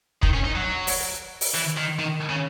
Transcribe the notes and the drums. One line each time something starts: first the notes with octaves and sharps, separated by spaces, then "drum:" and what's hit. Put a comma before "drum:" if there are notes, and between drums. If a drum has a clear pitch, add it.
D#3, drum: kick
C#4
D#4
F#3
drum: open hi-hat
drum: open hi-hat
E3
D#3
D#3
C#3